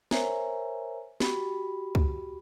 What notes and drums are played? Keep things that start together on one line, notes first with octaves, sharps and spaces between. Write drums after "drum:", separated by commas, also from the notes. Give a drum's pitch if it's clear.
A#4 C5 C#5 E5 G#5 A#5, drum: snare
F#4 G4 B5, drum: snare
drum: kick C#2